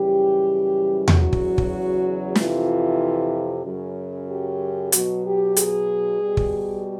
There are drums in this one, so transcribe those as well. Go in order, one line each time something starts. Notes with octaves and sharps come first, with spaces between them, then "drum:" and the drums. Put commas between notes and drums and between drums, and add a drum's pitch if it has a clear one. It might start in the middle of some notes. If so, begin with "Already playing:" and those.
Already playing: F#2 C#3 E3 G3 G4
E2 C#3 F#3 F#4, drum: tom E2
drum: kick
drum: kick
F2 C3 E3 F4, drum: snare
F#2 C#3 F#3
G4
B2 F#3 F#4, drum: hi-hat
G4
G#4, drum: hi-hat
B2 G3
drum: kick